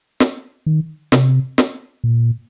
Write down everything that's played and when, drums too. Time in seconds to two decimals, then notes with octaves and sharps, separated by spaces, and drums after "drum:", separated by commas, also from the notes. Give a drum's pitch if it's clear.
0.20 drum: snare
0.66 D#3
1.12 C3, drum: snare
1.58 drum: snare
2.04 A#2